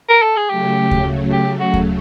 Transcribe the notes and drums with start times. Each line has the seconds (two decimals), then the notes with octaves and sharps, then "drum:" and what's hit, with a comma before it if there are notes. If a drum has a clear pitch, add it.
0.09 A#4
0.22 A4
0.37 G#4
0.50 C#3 F#3 A3 G4
0.91 drum: kick D2
1.32 G4
1.60 F#4
1.74 drum: kick D2